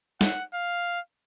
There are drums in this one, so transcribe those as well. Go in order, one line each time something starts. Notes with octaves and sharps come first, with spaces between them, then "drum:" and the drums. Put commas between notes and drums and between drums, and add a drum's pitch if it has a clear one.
F#5, drum: snare
F5